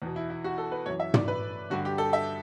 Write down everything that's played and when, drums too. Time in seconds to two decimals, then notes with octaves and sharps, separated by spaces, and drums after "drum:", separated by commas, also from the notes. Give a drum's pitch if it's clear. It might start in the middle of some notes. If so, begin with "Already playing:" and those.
0.02 E2 B2
0.16 E4
0.30 E4
0.44 F#4
0.58 A4
0.72 B4
0.86 F#2 E3 C#5
1.00 E5
1.14 D5, drum: tom
1.28 B4
1.70 G2 D3 F#4
1.85 G4
1.98 A4
2.13 E5